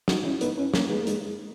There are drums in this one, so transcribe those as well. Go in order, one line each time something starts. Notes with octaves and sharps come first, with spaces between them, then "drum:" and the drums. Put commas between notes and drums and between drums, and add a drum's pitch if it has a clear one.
D#4 F#4, drum: snare
C#4 E4
B3 D#4, drum: hi-hat
C#4 E4
A#3 C#4, drum: snare
G#3 B3
A#3
G#3, drum: hi-hat